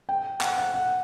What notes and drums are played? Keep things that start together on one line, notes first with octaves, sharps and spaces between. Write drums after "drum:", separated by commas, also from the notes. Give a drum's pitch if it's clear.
G5
F#5, drum: clap
F#5
F#5